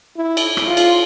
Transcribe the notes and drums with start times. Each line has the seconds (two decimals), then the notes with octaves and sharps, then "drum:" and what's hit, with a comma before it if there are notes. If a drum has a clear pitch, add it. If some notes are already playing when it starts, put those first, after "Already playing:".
0.17 E4
0.37 drum: cymbal
0.57 drum: rim click
0.67 F4
0.77 drum: cymbal